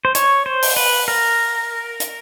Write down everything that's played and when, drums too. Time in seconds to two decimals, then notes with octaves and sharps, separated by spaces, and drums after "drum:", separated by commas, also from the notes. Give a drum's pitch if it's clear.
0.05 C5
0.15 C#5, drum: hi-hat
0.46 C5
0.63 drum: open hi-hat
0.76 B4
1.08 A#4
2.00 drum: hi-hat